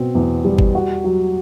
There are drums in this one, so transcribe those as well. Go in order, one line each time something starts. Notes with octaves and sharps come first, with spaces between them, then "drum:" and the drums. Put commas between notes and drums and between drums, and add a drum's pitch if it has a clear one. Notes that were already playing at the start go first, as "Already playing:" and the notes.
Already playing: B2 C4
E2
G3
drum: kick
F#4
F#3